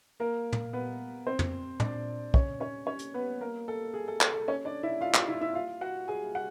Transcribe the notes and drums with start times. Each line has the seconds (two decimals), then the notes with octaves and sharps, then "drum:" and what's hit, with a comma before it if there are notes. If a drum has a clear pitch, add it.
0.20 A#3 A#4
0.52 drum: tom
0.73 B3 B4
1.27 C4 C5
1.39 drum: tom
1.80 D4 D5, drum: tom
2.34 C#4 C#5, drum: kick
2.60 C#4 C#5
2.87 C#4 C#5
2.99 drum: hi-hat
3.14 B3 B4
3.41 A#3 A#4
3.68 A4
3.94 G#4
4.08 A4
4.21 A4, drum: clap
4.34 A4
4.48 C#4 C#5
4.65 D4 D5
4.83 E4 E5
5.01 F4 F5
5.14 F4 F5, drum: clap
5.28 E4 E5
5.41 E4 E5
5.54 F4 F5
5.81 F#4 F#5
6.08 G#4 G#5
6.35 F#5